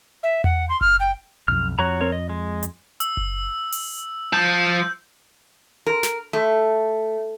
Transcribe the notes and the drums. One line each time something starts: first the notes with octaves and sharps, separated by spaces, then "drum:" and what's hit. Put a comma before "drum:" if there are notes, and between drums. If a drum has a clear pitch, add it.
E5
F#5, drum: tom E2
C6
F6, drum: kick F#1
G5
B1 F2 F6
F2 F#4 C#5 A#5
C4 A#4 C#5
D#5
G#3
drum: hi-hat
E6, drum: hi-hat
drum: kick F#1
drum: open hi-hat
F3 A5 G6
A#4
drum: snare
A3